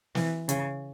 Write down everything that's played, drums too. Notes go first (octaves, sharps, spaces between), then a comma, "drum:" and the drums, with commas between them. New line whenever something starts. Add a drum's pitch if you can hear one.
E3, drum: snare
C#3, drum: hi-hat